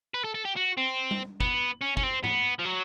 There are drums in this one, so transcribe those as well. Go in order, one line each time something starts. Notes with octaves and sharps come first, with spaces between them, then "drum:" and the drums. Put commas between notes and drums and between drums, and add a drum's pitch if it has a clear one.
B4
A4
A4
G4
F#4
C4
drum: tom G3
B3, drum: kick
C#4
C#4, drum: kick
C4
B3, drum: tom G#2
F3
F#3